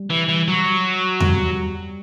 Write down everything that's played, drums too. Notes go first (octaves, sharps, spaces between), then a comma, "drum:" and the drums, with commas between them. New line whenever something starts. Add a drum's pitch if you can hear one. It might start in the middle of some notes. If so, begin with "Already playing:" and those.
Already playing: G3
E3
E3
F#3
G3, drum: tom E2